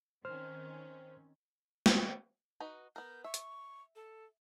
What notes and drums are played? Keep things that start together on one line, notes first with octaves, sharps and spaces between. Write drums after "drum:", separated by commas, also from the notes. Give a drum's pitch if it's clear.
D#3 C4 C#4 C5 F6
drum: snare
D#4 F#4 B4
B3 A#4 G6
E5 C#6
drum: hi-hat
A4